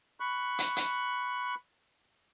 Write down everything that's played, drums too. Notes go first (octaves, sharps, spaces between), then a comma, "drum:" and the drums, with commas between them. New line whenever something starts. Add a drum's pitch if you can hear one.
B5 C#6 F#6
drum: hi-hat
drum: hi-hat